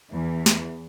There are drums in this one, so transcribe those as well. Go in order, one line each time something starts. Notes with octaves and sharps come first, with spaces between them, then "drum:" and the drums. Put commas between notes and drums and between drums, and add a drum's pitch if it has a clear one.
E2 E3
drum: snare